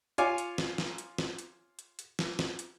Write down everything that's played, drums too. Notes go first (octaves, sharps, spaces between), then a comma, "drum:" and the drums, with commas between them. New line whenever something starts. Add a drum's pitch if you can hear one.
F4 C#5 F5 G#5 D6, drum: hi-hat
drum: hi-hat
drum: snare
drum: snare
drum: hi-hat
drum: snare
drum: hi-hat
drum: hi-hat
drum: hi-hat
drum: snare
drum: snare
drum: hi-hat